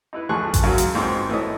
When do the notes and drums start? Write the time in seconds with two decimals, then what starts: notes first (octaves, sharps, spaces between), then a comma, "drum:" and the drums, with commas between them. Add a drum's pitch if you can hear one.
0.13 D#4 E4 B4
0.29 D2 F3 A3 G#4 C#6 F#6
0.54 drum: kick A1, hi-hat
0.63 F#2 C#3 F#3
0.78 drum: hi-hat
0.95 G#2 B2 C4 F4
1.30 E3 A3 A4 C#5 D#5 D#6